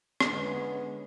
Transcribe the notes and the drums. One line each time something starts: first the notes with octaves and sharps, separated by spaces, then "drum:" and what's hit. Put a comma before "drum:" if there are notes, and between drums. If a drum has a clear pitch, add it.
drum: rim click
D3 G#3 B3 C#4